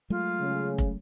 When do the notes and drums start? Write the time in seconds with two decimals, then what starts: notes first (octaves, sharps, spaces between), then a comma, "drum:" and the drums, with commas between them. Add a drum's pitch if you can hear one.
0.10 F#3 G#3 A3 F4
0.41 C#3
0.78 drum: kick